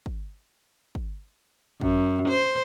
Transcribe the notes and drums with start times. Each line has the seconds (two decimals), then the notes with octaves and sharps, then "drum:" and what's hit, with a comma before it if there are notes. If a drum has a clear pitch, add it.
0.06 drum: kick
0.95 drum: kick
1.81 F#2, drum: kick
2.29 C5